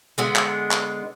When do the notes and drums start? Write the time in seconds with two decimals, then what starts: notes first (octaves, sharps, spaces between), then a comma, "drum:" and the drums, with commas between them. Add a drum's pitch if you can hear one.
0.18 D3 G#3 B3
0.36 drum: clap
0.71 drum: clap